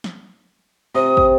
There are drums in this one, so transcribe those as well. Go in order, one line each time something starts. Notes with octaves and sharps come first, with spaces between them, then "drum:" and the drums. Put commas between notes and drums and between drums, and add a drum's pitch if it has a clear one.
drum: snare
C3 D#6
drum: kick